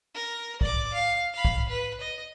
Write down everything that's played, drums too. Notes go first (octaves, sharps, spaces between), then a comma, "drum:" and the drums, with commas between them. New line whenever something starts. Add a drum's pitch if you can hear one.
A#4
D5 D6, drum: kick
F5
F5 B5
drum: kick
B4
D#5